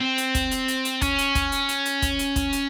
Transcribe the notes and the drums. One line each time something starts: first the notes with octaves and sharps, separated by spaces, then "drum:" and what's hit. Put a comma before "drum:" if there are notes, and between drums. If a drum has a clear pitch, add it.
C4
drum: hi-hat
drum: kick, hi-hat
drum: hi-hat
drum: hi-hat
drum: hi-hat
C#4, drum: kick, hi-hat
drum: hi-hat
drum: kick, hi-hat
drum: hi-hat
drum: hi-hat
drum: hi-hat
drum: kick, hi-hat
drum: hi-hat
drum: kick, hi-hat
drum: hi-hat